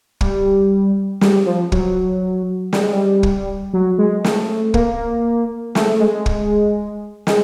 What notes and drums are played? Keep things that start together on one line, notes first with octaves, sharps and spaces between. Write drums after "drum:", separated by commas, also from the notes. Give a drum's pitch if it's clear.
G3, drum: kick
G3, drum: snare
F3
F#3, drum: kick
G3, drum: snare
G#3
G3
drum: kick
F#3
G#3
A3, drum: snare
A#3, drum: kick
A3, drum: snare
G#3
drum: kick
G#3, drum: snare